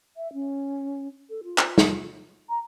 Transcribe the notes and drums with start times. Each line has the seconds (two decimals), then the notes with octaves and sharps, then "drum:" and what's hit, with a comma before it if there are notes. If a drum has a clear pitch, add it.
0.17 E5
0.33 C#4
1.30 A4
1.44 F4
1.58 drum: clap
1.78 drum: snare
2.49 A#5